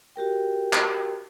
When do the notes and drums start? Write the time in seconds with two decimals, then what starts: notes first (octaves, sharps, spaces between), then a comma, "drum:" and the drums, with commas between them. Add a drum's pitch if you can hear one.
0.16 F#4 G4 A#4 G5
0.73 drum: clap